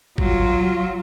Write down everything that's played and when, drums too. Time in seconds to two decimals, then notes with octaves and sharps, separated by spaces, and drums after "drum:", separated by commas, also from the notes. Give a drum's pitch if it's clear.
0.18 F#3 F4, drum: kick G#1